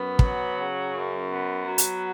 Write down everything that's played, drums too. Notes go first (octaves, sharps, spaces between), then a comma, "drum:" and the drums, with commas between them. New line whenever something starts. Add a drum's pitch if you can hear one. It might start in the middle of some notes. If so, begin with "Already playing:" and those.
Already playing: F#2 B3
F#3, drum: kick
C#3
F#2
B3
F#3
drum: hi-hat